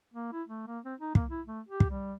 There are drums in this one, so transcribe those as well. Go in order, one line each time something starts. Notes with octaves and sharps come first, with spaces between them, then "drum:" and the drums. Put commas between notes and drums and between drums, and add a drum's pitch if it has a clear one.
A#3
E4
A3
A#3
C4
D#4
A#3, drum: kick
E4
A3
G4
drum: kick
G3